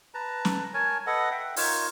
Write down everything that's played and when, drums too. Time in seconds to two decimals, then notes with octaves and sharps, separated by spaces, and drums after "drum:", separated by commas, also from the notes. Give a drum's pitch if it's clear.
0.14 B4 A5 A#5
0.45 drum: snare
0.74 A#4 C#5 G#5 A5
1.07 A4 B4 D#5 F#5
1.31 E5 F#5 G5
1.56 D#4 F4 A#4 C#5, drum: open hi-hat